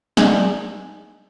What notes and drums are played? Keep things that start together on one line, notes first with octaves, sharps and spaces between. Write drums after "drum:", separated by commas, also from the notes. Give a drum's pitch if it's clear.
D4 D#4 G#4, drum: snare